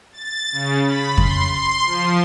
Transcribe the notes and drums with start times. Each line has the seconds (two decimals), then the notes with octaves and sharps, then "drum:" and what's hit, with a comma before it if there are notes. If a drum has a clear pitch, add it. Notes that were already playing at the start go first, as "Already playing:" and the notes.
0.12 A6
0.52 C#3
0.86 B5
1.17 C6, drum: kick F2
1.52 C6
1.86 F3